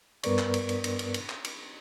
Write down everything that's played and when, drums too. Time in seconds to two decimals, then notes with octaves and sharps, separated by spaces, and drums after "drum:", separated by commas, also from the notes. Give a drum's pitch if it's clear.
0.23 G2 B3 A#4 B4 D5 C#6, drum: cymbal
0.39 drum: clap
0.54 drum: cymbal
0.69 drum: cymbal
0.84 drum: cymbal
0.99 drum: cymbal
1.14 drum: cymbal
1.29 drum: clap
1.44 drum: cymbal